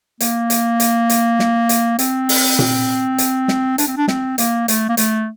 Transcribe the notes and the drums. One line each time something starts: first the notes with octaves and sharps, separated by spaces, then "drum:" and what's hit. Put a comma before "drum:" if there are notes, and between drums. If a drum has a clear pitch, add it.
A#3, drum: hi-hat
drum: hi-hat
drum: hi-hat
drum: hi-hat
drum: snare
drum: hi-hat
C4, drum: hi-hat
drum: open hi-hat
drum: tom A#2
drum: hi-hat
drum: snare
D4, drum: hi-hat
C4
D4
C4, drum: snare
A#3, drum: hi-hat
A3, drum: hi-hat
A#3
A3, drum: hi-hat